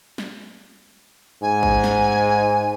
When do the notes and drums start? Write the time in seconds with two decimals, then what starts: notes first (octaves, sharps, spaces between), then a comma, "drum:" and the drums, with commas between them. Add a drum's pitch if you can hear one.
0.18 drum: snare
1.42 G#2 G#5
1.63 drum: kick G#1
1.84 drum: snare